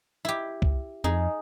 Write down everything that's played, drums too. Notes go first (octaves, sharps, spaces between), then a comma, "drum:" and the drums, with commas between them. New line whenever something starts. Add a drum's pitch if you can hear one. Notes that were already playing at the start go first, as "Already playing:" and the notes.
E4 G4
drum: kick
F2 D#4 G#4